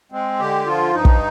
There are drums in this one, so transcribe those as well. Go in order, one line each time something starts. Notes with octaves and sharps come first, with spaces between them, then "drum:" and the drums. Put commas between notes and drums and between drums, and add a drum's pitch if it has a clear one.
G#3 C4
D3 G4
F3 F4
G2 D#4
drum: kick